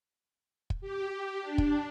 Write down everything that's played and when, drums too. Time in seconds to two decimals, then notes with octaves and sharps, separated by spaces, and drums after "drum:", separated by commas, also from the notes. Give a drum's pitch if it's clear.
0.70 drum: kick
0.81 G4
1.41 D4
1.58 drum: kick